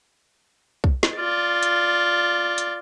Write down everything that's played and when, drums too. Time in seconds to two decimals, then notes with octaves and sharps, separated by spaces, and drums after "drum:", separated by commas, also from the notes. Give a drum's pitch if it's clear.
0.84 drum: kick
1.03 drum: snare
1.17 F4 D5
1.63 drum: hi-hat
2.58 drum: hi-hat